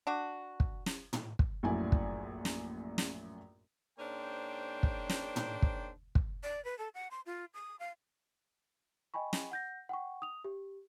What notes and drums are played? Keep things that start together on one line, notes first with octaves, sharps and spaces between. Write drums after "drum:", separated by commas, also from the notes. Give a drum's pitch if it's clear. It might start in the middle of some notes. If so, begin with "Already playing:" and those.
D4 F#4
drum: kick
drum: snare
drum: tom
drum: kick
A#1 F#2 A2 E4 D5 G#5
drum: kick
drum: snare
drum: snare
G#2 A#3 C#4 D4 C5 G5
drum: kick
drum: snare
drum: tom
drum: kick
drum: kick
D5
B4
A4
F#5
C6
F4
D#6
F5
D#5 G5 G#5 B5 C#6
drum: snare
F#5 G6 A#6
F#5 G5 C#6
D#6 F7
G4